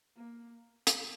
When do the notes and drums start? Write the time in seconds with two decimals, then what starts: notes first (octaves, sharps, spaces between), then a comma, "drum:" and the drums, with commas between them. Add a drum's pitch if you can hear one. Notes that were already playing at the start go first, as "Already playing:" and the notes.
0.16 A#3
0.87 drum: hi-hat